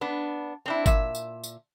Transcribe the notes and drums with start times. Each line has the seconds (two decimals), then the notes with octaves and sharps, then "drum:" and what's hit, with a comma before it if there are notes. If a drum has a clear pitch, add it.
0.01 B3 D4
0.66 C4 D4 E4
0.86 A#2 E5, drum: kick G1, tambourine
1.15 drum: tambourine
1.44 drum: tambourine